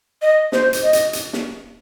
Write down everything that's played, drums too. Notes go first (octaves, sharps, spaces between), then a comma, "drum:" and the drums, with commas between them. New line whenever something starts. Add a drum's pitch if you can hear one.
D#5
C5, drum: snare
drum: hi-hat
D#5
drum: hi-hat
drum: hi-hat
drum: snare